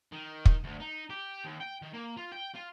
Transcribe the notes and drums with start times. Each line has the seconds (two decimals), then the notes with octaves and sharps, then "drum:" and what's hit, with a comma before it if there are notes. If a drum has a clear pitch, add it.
0.12 D#3
0.46 drum: kick
0.64 D2
0.80 D#4
1.10 G4
1.45 D#2
1.61 G5
1.82 D#3
1.94 A#3
2.17 F4
2.32 G5
2.54 F4